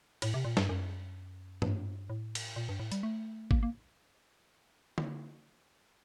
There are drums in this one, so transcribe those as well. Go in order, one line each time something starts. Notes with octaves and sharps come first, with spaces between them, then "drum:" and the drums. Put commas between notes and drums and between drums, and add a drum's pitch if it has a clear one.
A2, drum: cymbal
C3
A#2
G2, drum: snare
F#2
G2, drum: tom G#2
A2
drum: cymbal
A#2
G2
A2
G3, drum: hi-hat
A3
A#3, drum: kick G#1
A#3
drum: tom D3